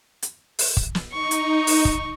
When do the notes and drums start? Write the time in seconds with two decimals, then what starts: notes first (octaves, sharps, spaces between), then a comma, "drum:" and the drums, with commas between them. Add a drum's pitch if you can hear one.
0.22 drum: hi-hat
0.59 drum: open hi-hat
0.77 drum: kick
0.95 drum: snare
1.13 D#4 C#6
1.31 drum: hi-hat
1.67 drum: open hi-hat
1.85 drum: kick